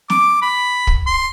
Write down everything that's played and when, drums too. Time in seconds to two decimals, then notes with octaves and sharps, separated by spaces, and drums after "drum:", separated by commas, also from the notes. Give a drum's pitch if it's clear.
0.10 D6, drum: snare
0.42 B5
0.87 drum: kick
1.07 C6